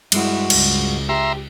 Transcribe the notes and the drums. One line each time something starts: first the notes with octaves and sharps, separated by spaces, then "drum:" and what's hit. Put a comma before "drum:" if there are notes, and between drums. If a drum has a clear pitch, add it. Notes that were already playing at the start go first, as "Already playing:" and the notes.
G2 G#3 E4 F#4, drum: cymbal
C#2, drum: cymbal
G4 E5 A#5 C6